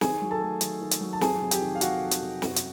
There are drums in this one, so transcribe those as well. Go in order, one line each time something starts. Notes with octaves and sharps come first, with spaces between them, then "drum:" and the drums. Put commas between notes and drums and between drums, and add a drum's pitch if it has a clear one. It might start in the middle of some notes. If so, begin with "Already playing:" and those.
D#3 G#4 G#5, drum: snare
F#3
A4 A5
A3
D#3, drum: hi-hat
D#3
drum: hi-hat
F#3
A5
F2 G#4 G#5, drum: snare
C3
G4 G5, drum: hi-hat
D#3
F5
F2 F#4 F#5, drum: hi-hat
F2
drum: hi-hat
C3
F#2, drum: snare
drum: hi-hat